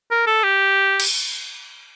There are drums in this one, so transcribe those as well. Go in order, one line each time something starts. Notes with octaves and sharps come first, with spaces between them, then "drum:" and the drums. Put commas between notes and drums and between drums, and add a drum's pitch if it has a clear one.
A#4
A4
G4
drum: cymbal